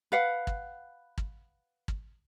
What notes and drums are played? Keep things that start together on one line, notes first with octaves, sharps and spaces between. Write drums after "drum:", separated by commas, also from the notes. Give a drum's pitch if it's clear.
B4 F5 F#5
drum: kick
drum: kick
drum: kick